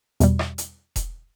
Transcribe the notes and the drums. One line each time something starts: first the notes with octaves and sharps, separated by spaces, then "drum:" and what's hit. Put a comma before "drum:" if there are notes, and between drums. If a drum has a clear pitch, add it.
E2 B2 G3, drum: hi-hat
drum: rim click
drum: hi-hat
drum: kick E1, hi-hat